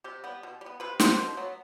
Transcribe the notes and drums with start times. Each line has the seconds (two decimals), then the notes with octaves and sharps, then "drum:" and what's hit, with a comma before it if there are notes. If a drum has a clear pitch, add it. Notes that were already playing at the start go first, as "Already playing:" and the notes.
0.04 C3 G4
0.24 G3 B3
0.43 B2
0.61 G3
0.66 B3
0.80 C3 B4
1.00 F#3 A3 C5, drum: snare
1.18 B2
1.37 F#3 B3